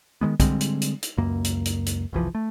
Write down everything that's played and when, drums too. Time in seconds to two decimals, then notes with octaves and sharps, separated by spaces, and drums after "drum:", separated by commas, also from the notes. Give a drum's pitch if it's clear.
0.21 D#3 E3 G#3 B3
0.40 D3 G3 G#3 C4, drum: kick, hi-hat
0.61 drum: hi-hat
0.82 drum: hi-hat
1.03 drum: hi-hat
1.17 C#2 F#2 A#3
1.45 drum: hi-hat
1.65 drum: hi-hat
1.86 drum: hi-hat
2.13 F#1 C2 E3 F3
2.35 A3